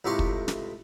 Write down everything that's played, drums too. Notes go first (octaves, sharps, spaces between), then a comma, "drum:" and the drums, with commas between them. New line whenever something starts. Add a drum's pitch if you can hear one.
C#2 A2 C3 G4 C6 C#6
drum: kick
drum: snare